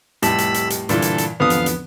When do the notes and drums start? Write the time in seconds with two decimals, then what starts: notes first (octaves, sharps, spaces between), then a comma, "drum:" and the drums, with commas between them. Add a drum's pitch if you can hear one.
0.22 F1 A2 G3 B5 E6, drum: hi-hat
0.38 drum: hi-hat
0.54 drum: hi-hat
0.70 drum: hi-hat
0.89 G2 A#2 D3 E3 A4, drum: hi-hat
1.02 drum: hi-hat
1.18 drum: hi-hat
1.40 G#1 E2 D3 F3 B3 F5 D#6
1.50 drum: hi-hat
1.66 drum: hi-hat